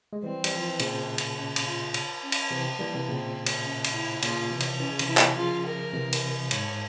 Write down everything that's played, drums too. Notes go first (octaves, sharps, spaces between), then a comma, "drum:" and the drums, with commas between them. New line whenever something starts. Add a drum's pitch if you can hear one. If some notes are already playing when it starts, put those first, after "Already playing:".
G#3
E3 G3 C4
G3, drum: cymbal
F3
E3
A#2 C#3, drum: cymbal
drum: cymbal
C#4
drum: cymbal
F4
drum: cymbal
C#4
drum: cymbal
C3 E3 C4
E3 G3 A#3
C3 E3
A#2 C#3 C4
drum: cymbal
C#4
drum: cymbal
E4
A#2 C#3 F4, drum: cymbal
C3 E3
drum: cymbal
E3 C#4
C#3
C3 E3, drum: cymbal
E4
drum: clap
C#3 F3 F4
A#4
C3 E3
drum: cymbal
G#2 C#5, drum: cymbal